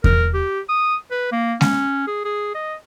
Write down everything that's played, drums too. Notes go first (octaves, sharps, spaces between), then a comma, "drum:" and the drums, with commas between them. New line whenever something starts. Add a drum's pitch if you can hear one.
A#4, drum: kick E2
G4
D#6
B4
A#3
C#4, drum: snare G#3
G#4
G#4
D#5